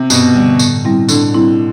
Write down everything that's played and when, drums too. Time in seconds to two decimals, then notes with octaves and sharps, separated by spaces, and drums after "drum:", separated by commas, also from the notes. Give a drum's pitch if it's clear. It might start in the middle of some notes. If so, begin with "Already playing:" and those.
Already playing: C3
0.10 G2 B2, drum: tambourine
0.35 D3 G3
0.59 A2, drum: tambourine
0.85 G3 C4 E4
1.09 A2 D3, drum: tambourine
1.34 G3 C4 E4